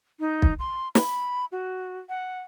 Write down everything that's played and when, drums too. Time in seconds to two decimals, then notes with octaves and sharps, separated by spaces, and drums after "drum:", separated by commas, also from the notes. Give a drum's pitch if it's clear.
0.20 D#4
0.42 drum: kick
0.59 C6
0.95 B5, drum: snare
1.52 F#4
2.09 F#5